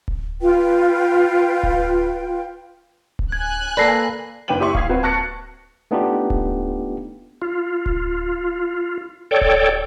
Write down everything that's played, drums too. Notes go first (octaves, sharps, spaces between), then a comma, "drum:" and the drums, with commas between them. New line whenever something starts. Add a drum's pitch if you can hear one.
drum: kick D1
F4 B4 G5
drum: kick D1
drum: kick D1
G#5 F#6 G#6
A#3 A4 B4 D5 A#6 C7
F#1 B4 G5 D#7 F#7
E4 G4 E5 C6 C#6
F5 D#6 G#6 C7, drum: kick D1
C4 F#4 B4
A5 C#6 F#6 A6 A#6 C#7
A3 B3 D4 D#4 F4 G4
drum: kick D1
F4
drum: kick D1
A4 C#5 D5 G5
drum: kick D1